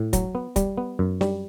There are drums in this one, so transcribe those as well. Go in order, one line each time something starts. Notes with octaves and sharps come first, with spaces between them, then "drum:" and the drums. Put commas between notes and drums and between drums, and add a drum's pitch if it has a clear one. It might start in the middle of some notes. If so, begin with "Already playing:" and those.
Already playing: A2
F#3, drum: kick, hi-hat
B3
G3, drum: kick, hi-hat
B3
F#2
G3, drum: snare